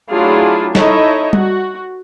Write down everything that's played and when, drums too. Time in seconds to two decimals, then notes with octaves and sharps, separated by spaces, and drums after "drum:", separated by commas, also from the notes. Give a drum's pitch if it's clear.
0.10 F#3 A3 D4 E4 F4 G#4
0.75 D#4 E4 A4 C#5 D#5 E5, drum: snare
1.33 F#4, drum: tom G3